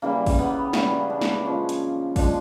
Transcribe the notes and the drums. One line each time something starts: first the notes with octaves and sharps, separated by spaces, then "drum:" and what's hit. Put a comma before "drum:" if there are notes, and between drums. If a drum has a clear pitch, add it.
C#3 E3 G3 A#3
drum: kick, open hi-hat
B3
C#3 E3 G3 C#4, drum: snare
D4
drum: snare
A#2 F3 G#3 C#4
drum: hi-hat
A#2 F3 G#3 D4, drum: kick, open hi-hat